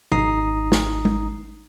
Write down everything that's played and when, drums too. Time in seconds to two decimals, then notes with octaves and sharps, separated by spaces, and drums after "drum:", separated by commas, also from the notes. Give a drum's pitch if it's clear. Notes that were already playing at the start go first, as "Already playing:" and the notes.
0.12 G#1 D#4 A#5 D#6 C7, drum: tom
0.72 drum: snare
1.05 drum: tom